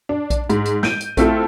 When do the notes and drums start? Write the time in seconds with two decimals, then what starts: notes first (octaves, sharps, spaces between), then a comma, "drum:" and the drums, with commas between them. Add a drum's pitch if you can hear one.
0.09 D4
0.30 drum: kick A#1, hi-hat
0.50 G#2, drum: hi-hat
0.65 drum: hi-hat
0.83 G6 D7 D#7, drum: snare
1.01 drum: hi-hat
1.17 A3 C4 E4 F4 A4, drum: kick A#1, hi-hat